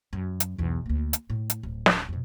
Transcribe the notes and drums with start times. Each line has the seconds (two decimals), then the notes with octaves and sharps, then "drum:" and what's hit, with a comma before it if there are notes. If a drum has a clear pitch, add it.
0.13 F#2
0.40 drum: hi-hat
0.58 B1 E2
0.86 D2 A#3
1.13 drum: hi-hat
1.30 A2
1.50 drum: hi-hat
1.63 D1
1.86 drum: snare
2.09 F2 B2